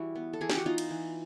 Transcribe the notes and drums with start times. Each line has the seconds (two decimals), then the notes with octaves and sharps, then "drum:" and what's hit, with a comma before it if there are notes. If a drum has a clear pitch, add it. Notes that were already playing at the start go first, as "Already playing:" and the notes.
Already playing: E3 G3 E4 F#4
0.15 B3
0.33 A4
0.41 E3 G#4
0.50 G4, drum: snare
0.57 F#4
0.65 B3 D#4 F4
0.78 drum: cymbal
0.91 E3